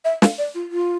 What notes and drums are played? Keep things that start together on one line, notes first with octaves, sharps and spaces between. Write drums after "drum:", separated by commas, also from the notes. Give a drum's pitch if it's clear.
E5
F5, drum: snare
D5
F4
F4